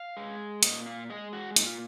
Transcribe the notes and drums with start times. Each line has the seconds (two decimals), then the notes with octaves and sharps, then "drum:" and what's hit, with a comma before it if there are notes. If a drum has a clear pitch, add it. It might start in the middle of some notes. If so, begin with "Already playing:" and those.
Already playing: F5
0.17 G#3
0.63 A#2 D#5, drum: hi-hat
0.86 F5
1.10 G#3 D#5
1.33 F#4
1.56 A#2 D#4, drum: hi-hat
1.66 F4